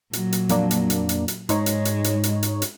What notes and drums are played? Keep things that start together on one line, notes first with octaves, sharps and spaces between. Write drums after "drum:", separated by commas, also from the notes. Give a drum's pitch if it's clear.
A#2 F#3, drum: hi-hat
drum: hi-hat
F2 A#3 D4, drum: hi-hat
drum: hi-hat
drum: hi-hat
drum: hi-hat
drum: hi-hat
G#2 G#3 D#4 C#5, drum: hi-hat
drum: hi-hat
drum: hi-hat
drum: hi-hat
drum: hi-hat
drum: hi-hat
drum: hi-hat